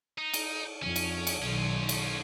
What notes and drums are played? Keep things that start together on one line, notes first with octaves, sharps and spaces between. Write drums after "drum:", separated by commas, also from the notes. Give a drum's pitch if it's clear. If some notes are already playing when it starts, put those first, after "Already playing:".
D#4
drum: cymbal
F2 C#4
drum: cymbal
drum: cymbal
B1 D#3 C#4 F4
drum: cymbal